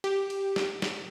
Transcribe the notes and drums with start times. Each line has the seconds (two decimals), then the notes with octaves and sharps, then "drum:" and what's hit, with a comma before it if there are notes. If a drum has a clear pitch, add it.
0.04 G4, drum: cymbal
0.30 drum: cymbal
0.56 drum: snare
0.82 drum: snare